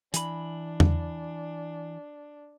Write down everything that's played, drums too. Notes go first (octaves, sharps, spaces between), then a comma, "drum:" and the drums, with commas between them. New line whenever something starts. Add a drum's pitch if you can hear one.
E3 D4 B5, drum: hi-hat
drum: tom E2